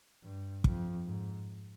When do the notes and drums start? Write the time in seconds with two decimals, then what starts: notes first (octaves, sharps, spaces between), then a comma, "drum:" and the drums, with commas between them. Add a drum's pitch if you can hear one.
0.23 G2
0.64 F2, drum: kick
1.05 G#2